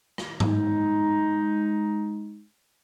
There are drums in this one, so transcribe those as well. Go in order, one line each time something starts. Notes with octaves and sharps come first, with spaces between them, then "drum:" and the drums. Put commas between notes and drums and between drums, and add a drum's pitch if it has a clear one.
drum: rim click
G#3 D#4, drum: tom G#2